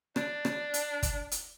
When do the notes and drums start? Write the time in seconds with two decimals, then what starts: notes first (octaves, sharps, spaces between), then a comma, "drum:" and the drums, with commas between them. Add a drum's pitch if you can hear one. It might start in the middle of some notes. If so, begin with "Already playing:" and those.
0.16 D4, drum: rim click
0.45 drum: rim click
0.74 drum: hi-hat
1.03 drum: kick, hi-hat
1.31 drum: hi-hat